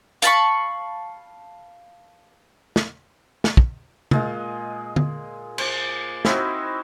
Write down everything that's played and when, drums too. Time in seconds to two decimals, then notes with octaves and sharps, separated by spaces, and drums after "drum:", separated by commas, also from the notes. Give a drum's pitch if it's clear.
0.22 F5 A5 B5 C#6, drum: hi-hat
2.76 drum: snare
3.44 drum: snare
3.57 drum: kick
4.11 A#2 G#3 D#5, drum: tom C3
4.96 drum: tom D3
5.58 C5 D5, drum: cymbal
6.25 C4 D#4 E4 F#4, drum: snare